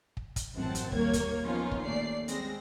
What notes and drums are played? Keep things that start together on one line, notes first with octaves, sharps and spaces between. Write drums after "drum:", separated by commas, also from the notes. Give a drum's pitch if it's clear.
drum: kick
drum: kick, hi-hat
A1 F#2 C4 F#5 A5
drum: hi-hat
D#2 G3 A#3 C#5 G#6, drum: kick
drum: kick, hi-hat
F3 B3 C#4 D#4 F4
drum: kick
D#2 A3 D5 C7
G3 G#3 C4 A#6, drum: hi-hat